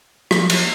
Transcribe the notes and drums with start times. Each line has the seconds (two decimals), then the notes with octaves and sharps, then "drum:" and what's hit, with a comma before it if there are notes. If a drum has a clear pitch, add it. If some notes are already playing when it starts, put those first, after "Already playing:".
0.31 F3, drum: rim click
0.50 drum: cymbal